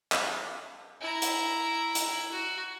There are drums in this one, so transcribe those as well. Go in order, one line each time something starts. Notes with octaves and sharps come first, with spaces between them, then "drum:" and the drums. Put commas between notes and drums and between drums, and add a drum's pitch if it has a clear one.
drum: clap
E4 A#5
drum: hi-hat
drum: hi-hat
F#4